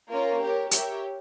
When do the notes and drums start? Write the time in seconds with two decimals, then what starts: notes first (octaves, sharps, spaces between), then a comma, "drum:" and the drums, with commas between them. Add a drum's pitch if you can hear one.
0.11 A#3 C#4 F4 A#4
0.41 G4 A#4 C#5
0.71 G4 A#4 C#5 E5 G5, drum: hi-hat